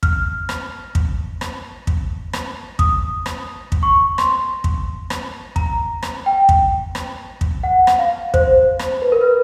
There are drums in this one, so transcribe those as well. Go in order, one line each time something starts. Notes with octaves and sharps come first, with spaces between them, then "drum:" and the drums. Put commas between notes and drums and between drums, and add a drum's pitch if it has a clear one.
F6, drum: kick
drum: rim click
drum: kick
drum: rim click
drum: kick
drum: rim click
D#6, drum: kick
drum: rim click
drum: kick
C#6
C6, drum: rim click
drum: kick
drum: rim click
A#5, drum: kick
drum: rim click
G5
drum: kick
drum: rim click
drum: kick
F#5
drum: rim click
F5
C5, drum: kick
drum: rim click
B4
A#4
B4